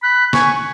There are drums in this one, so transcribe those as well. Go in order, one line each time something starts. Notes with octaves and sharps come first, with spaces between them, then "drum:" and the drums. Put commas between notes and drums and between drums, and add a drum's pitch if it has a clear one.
B5 F#6
G#5 C#6, drum: snare